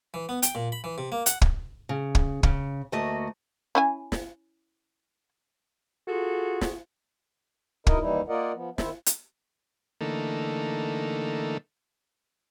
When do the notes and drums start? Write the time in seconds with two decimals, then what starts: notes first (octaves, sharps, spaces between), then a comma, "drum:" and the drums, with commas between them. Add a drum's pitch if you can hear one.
0.14 E3
0.29 B3
0.43 G5, drum: hi-hat
0.55 A#2
0.72 B5
0.84 E3
0.98 C3
1.12 A#3
1.26 F#5, drum: hi-hat
1.42 drum: kick
1.89 C#3
2.15 drum: kick
2.43 C#3, drum: kick
2.92 D2 A3 A#3 F#4 D#5
3.75 C#4 E4 G#5
4.12 drum: snare
6.08 F4 F#4 G#4 A4
6.61 drum: snare
7.87 B2 D#4 E4 A#4 D#5, drum: kick
7.99 D#2 E3 G3 D#4 E4
8.28 A#3 F4 A#4 D5 D#5 F#5
8.54 F3 B3
8.78 D#3 E4 C5 E5, drum: snare
9.06 drum: hi-hat
10.01 D3 E3 A3 A#3 D#4 A4